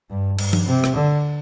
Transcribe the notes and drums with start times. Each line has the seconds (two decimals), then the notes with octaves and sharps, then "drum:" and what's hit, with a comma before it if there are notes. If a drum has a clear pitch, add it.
0.10 G2
0.38 G2, drum: cymbal
0.53 drum: tom F3
0.67 C3
0.84 drum: rim click
0.96 D3